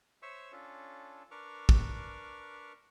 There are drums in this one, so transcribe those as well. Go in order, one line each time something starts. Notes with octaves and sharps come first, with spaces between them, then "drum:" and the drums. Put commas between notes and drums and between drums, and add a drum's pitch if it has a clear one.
C5 C#5 E5 C#6 E6
C#4 D4 F4 A4
D4 A#4 B4 C#6 D6 F6
drum: kick